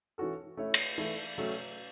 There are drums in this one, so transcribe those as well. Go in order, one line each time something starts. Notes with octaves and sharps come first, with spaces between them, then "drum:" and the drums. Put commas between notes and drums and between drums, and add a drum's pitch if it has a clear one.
E3 C#4 F#4 A4
A3 C#4 E4 C#5 E5
drum: cymbal
E3 A3 E4 A4
F#3 A3 C#4